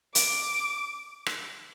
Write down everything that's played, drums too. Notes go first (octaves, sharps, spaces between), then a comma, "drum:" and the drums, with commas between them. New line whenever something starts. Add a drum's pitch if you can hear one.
D6, drum: hi-hat
drum: rim click